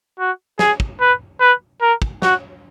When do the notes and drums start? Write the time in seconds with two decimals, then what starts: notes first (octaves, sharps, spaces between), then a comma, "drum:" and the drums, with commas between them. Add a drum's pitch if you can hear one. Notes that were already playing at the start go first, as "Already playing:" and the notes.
0.19 F#4
0.59 G#4, drum: snare
0.80 drum: kick
1.00 B4
1.40 B4
1.81 A#4
2.02 drum: kick
2.22 F#4, drum: snare